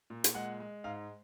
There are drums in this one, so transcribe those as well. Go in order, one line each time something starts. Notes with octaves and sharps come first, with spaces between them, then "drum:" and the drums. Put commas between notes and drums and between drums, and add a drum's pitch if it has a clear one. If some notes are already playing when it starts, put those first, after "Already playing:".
A#2
drum: hi-hat
G#3 F#5
G#3
G#2 F5